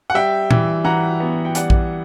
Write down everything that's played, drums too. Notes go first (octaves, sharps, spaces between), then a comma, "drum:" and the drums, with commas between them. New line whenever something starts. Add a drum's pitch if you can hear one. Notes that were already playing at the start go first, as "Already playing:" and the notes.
F#5
G3 E5 G5
E3, drum: tom A#2
E3 F#5 A#5
B3
G5
G3 D5 F#5, drum: hi-hat
drum: kick A#1